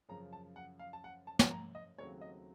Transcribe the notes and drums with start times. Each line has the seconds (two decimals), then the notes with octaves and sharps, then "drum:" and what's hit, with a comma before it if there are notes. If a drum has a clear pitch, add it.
0.09 F#2 C#3 F3 A#5
0.33 A5
0.56 F#5
0.79 F5
0.93 A5
1.04 F#5
1.27 A5
1.39 drum: snare
1.51 A#5
1.75 D#5
1.98 D#2 C#3 F#3 A3 C4 C#5
2.21 D#5